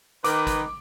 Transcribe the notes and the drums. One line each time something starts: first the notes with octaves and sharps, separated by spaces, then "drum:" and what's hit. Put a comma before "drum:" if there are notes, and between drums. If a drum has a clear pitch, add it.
D#3 B4 D6, drum: hi-hat
drum: kick, hi-hat